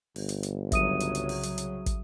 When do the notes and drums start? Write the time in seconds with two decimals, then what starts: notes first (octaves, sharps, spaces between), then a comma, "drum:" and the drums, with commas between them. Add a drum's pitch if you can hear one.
0.16 G1, drum: open hi-hat
0.29 drum: hi-hat
0.43 drum: hi-hat
0.72 C2 C#3 F#3 E5 D#6 D#7, drum: kick, hi-hat
1.00 drum: hi-hat
1.15 drum: hi-hat
1.29 drum: open hi-hat
1.43 drum: hi-hat
1.58 drum: hi-hat
1.86 drum: kick, hi-hat